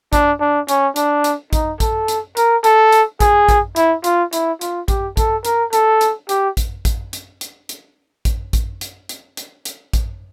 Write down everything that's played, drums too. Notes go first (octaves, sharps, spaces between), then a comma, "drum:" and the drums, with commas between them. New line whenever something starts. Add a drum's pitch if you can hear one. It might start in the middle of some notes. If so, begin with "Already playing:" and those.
D4, drum: kick A1, hi-hat
D4
C#4, drum: hi-hat
D4, drum: hi-hat
drum: hi-hat
D#4, drum: kick A1, hi-hat
A4, drum: kick A1, hi-hat
drum: hi-hat
A#4, drum: hi-hat
A4, drum: hi-hat
drum: hi-hat
G#4, drum: kick A1, hi-hat
drum: kick A1, hi-hat
E4, drum: hi-hat
F4, drum: hi-hat
E4, drum: hi-hat
F4, drum: hi-hat
G4, drum: kick A1, hi-hat
A4, drum: kick A1, hi-hat
A#4, drum: hi-hat
A4, drum: hi-hat
drum: hi-hat
G4, drum: hi-hat
drum: kick A1, hi-hat
drum: kick A1, hi-hat
drum: hi-hat
drum: hi-hat
drum: hi-hat
drum: kick A1, hi-hat
drum: kick A1, hi-hat
drum: hi-hat
drum: hi-hat
drum: hi-hat
drum: hi-hat
drum: kick A1, hi-hat